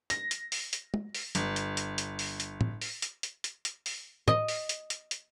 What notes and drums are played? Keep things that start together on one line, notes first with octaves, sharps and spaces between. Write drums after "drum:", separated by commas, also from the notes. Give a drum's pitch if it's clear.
A#6, drum: hi-hat
drum: hi-hat
drum: open hi-hat
drum: hi-hat
drum: tom
drum: open hi-hat
G1, drum: hi-hat
drum: hi-hat
drum: hi-hat
drum: hi-hat
drum: open hi-hat
drum: hi-hat
drum: tom
drum: open hi-hat
drum: hi-hat
drum: hi-hat
drum: hi-hat
drum: hi-hat
drum: open hi-hat
D#5, drum: tom
drum: open hi-hat
drum: hi-hat
drum: hi-hat
drum: hi-hat